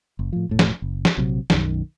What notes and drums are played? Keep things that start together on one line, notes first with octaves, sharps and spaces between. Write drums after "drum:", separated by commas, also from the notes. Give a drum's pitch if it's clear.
F#1
A2 F3
E1 A2
drum: snare
F#1
drum: snare
A#1 C3 F#3
B1 F#2 D#3, drum: snare